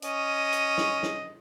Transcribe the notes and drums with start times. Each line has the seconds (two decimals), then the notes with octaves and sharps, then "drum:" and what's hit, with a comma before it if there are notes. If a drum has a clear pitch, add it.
0.02 C#4 D#5, drum: hi-hat
0.52 drum: hi-hat
0.78 drum: snare
1.03 drum: snare